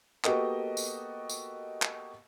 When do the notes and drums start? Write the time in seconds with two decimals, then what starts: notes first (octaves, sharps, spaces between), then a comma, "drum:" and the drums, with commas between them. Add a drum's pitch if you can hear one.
0.24 A#3 B3 F#4 G4 A4 D#5, drum: clap
0.77 drum: tambourine
1.29 drum: tambourine
1.82 drum: clap